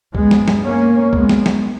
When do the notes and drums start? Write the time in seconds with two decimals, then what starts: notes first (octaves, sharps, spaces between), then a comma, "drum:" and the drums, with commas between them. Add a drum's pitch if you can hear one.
0.15 G2 G#3 B3, drum: kick C#2
0.31 drum: snare
0.48 drum: snare
0.64 A#3 C#4
1.13 G#3 B3, drum: kick C#2
1.29 drum: snare
1.46 drum: snare